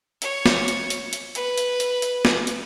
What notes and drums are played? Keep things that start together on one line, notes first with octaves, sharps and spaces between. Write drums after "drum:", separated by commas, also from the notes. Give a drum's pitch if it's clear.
C#5, drum: hi-hat
drum: snare
drum: hi-hat
drum: hi-hat
drum: hi-hat
B4, drum: hi-hat
drum: hi-hat
drum: hi-hat
drum: hi-hat
drum: snare
drum: hi-hat